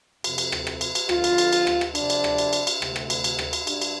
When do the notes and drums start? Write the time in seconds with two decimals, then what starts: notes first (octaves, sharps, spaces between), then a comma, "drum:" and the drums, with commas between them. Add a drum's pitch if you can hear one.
0.24 F2 C3, drum: cymbal
0.38 drum: cymbal
0.52 drum: rim click
0.67 drum: rim click
0.81 drum: cymbal
0.95 drum: cymbal
1.09 F2 D3 F4, drum: rim click
1.24 drum: cymbal
1.38 drum: cymbal
1.53 drum: cymbal
1.67 drum: rim click
1.81 drum: rim click
1.95 F2 C3 D4, drum: cymbal
2.10 drum: cymbal
2.24 drum: rim click
2.38 drum: cymbal
2.53 drum: cymbal
2.67 drum: cymbal
2.82 D2 C3, drum: rim click
2.96 drum: rim click
3.10 drum: cymbal
3.24 drum: cymbal
3.39 drum: rim click
3.53 drum: cymbal
3.67 G2 D4, drum: cymbal
3.82 drum: cymbal